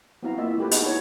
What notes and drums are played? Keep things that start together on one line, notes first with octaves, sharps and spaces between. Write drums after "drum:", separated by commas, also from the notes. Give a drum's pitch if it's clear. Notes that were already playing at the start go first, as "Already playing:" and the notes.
B3 C4 E4 F#4 F5 A#5
A#3 E4 F4 D#5 E5
A3 G4 B4
B3 D4 D#4 F#4 G#4 D#5, drum: hi-hat
E4 F#4 C#5